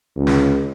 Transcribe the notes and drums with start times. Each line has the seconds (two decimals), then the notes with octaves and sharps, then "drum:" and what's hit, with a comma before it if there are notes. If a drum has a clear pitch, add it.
0.16 C#2
0.27 drum: snare